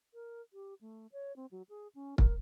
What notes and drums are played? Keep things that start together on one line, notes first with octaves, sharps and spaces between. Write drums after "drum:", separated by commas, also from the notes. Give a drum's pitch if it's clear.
A#4
G4
A3
C#5
C4
F#3
G#4
C#4
A#4, drum: kick